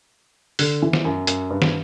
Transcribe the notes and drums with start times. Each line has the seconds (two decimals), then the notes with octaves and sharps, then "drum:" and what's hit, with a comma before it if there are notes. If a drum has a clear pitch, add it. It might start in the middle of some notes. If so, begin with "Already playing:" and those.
0.59 D3, drum: open hi-hat
0.82 E3
0.93 drum: snare
1.05 F#2
1.27 F#2, drum: hi-hat
1.50 G2
1.62 drum: snare